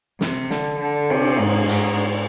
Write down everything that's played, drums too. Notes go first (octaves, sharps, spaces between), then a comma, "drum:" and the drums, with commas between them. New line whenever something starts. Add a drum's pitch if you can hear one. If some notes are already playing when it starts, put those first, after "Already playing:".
C3, drum: snare
D3, drum: snare
D3
C3, drum: cymbal
G#2
G#2, drum: hi-hat